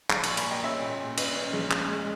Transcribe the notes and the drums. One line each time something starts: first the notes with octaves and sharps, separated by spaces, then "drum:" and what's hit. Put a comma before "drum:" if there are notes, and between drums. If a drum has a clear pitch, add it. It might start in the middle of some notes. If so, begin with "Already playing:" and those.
A#1 A#5 C#6, drum: clap
A#5 C#6, drum: cymbal
A#2
G#5 B5, drum: cymbal
A#2 D#5 G5
C#4 C#5 E5
A#2
A#2
C#4 B4 D#5, drum: cymbal
C#4
A#1
G#3, drum: clap
G#3